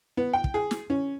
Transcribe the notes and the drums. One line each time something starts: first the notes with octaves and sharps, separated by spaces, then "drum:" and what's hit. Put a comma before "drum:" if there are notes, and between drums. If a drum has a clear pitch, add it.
B3
G5
drum: kick
G#4
drum: snare
C#4